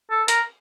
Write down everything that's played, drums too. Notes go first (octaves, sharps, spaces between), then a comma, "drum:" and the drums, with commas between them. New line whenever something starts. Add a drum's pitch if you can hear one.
A4
A#4, drum: hi-hat